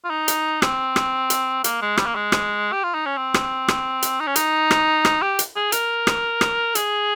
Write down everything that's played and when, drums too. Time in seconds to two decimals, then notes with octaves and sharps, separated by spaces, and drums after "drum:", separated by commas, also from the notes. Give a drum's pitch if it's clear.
0.04 F4
0.10 D#4
0.28 drum: hi-hat
0.62 C4, drum: rim click
0.96 drum: rim click
1.30 drum: hi-hat
1.64 A#3, drum: hi-hat
1.82 G#3
1.97 G3, drum: rim click
2.06 A#3
2.15 G#3
2.32 drum: rim click
2.73 G4
2.84 F4
2.94 D#4
3.06 C#4
3.17 C4
3.34 drum: rim click
3.68 drum: rim click
4.02 drum: hi-hat
4.20 D#4
4.27 C#4
4.36 D#4, drum: hi-hat
4.71 drum: rim click
5.05 drum: rim click
5.22 G4
5.39 drum: hi-hat
5.56 G#4
5.72 A#4, drum: hi-hat
6.07 drum: rim click
6.41 drum: rim click
6.75 G#4, drum: hi-hat